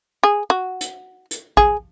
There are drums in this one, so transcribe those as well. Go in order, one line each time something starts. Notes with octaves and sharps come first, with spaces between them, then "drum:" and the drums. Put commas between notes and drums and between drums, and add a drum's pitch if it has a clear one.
G#4
F#4
drum: hi-hat
drum: hi-hat
G#4, drum: kick A1